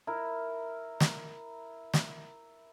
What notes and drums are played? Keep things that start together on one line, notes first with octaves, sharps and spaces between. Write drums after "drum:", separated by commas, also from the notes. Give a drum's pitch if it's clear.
E4 A#4
drum: snare
drum: snare